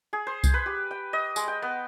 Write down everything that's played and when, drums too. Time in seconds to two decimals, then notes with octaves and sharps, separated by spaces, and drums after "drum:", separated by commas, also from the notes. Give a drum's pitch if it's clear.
0.13 G#4
0.27 C5
0.44 drum: kick C2, tambourine
0.54 B4
0.66 G4
0.91 G5
1.13 D#5
1.36 G#3, drum: tambourine
1.48 G5
1.62 B3